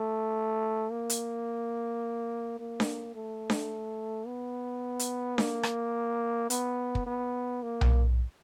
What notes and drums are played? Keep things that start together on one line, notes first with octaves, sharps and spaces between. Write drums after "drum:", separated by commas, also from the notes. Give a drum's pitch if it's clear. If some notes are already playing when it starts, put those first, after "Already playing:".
Already playing: A3
A#3
drum: hi-hat
A#3
drum: snare D4
A3
drum: snare D4
B3
drum: hi-hat
A#3, drum: snare D4
drum: rim click
B3, drum: hi-hat
drum: kick
B3
A#3
drum: tom B1